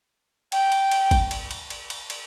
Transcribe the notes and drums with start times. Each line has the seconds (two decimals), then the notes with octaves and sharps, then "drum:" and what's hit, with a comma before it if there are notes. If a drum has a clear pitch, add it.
0.52 G5, drum: cymbal
0.72 drum: cymbal
0.91 drum: cymbal
1.11 drum: kick, cymbal
1.31 drum: cymbal
1.51 drum: cymbal
1.70 drum: cymbal
1.90 drum: cymbal
2.10 drum: cymbal